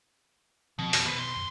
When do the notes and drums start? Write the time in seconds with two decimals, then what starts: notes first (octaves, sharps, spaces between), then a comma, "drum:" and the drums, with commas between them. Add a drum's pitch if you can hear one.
0.79 B2 D#3 F3 C4
0.93 F2, drum: open hi-hat
1.06 B2 D#3 B3 B4 C5
1.19 C6
1.36 F#2